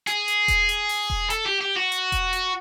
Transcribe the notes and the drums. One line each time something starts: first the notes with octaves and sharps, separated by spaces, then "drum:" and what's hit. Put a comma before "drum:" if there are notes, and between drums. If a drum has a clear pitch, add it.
G#4, drum: hi-hat
drum: hi-hat
drum: kick E1, hi-hat
drum: hi-hat
drum: open hi-hat
drum: kick E1
A4, drum: hi-hat
G4
G4
F#4
drum: hi-hat
drum: kick E1, hi-hat
drum: hi-hat